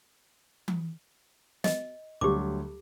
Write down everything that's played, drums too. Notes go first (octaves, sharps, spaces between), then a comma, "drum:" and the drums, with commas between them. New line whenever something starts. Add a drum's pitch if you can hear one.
drum: tom E3
D#5, drum: snare
D2 F#3 G3 G4 D6